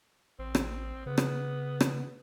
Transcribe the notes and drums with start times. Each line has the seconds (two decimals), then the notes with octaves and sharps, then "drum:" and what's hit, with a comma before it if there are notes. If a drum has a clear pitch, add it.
0.39 A1 C4
0.55 drum: rim click
1.06 C#3 B3
1.18 drum: rim click
1.81 drum: rim click